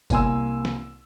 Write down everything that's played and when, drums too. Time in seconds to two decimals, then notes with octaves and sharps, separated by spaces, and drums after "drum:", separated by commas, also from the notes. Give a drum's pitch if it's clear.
0.10 C2 A#3 G#5 C6 E6, drum: kick G1, tambourine
0.65 drum: snare